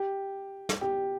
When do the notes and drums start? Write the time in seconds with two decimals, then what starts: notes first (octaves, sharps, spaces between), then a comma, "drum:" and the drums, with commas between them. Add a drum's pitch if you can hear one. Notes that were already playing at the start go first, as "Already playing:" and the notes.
Already playing: G4
0.69 drum: snare
0.81 G4